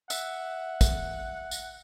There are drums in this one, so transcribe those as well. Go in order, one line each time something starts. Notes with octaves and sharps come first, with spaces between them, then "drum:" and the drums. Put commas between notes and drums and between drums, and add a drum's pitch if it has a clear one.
E5 F#5, drum: tambourine
drum: kick, tambourine
drum: tambourine